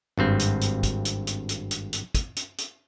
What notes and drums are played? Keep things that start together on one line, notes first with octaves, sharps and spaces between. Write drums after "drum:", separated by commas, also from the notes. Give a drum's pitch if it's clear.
G#1 G2 C4
drum: hi-hat
drum: hi-hat
drum: kick, hi-hat
drum: hi-hat
drum: hi-hat
drum: hi-hat
drum: hi-hat
drum: hi-hat
drum: kick, hi-hat
drum: hi-hat
drum: hi-hat